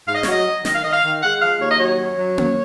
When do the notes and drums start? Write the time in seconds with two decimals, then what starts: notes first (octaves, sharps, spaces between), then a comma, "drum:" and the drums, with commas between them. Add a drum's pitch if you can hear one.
0.08 G#2 F5
0.15 D#5
0.23 C#5, drum: snare
0.27 F#3 D#5
0.46 F#3
0.65 D#3 D#5, drum: snare
0.74 F5
0.83 D#3 D#5
0.93 F5
1.04 D#3
1.22 G#3 F#5
1.41 F3 F5
1.60 D#2 C#5
1.71 D#5
1.79 F#3 C#5
1.99 F#2
2.18 F#3
2.38 F#2, drum: tom A#3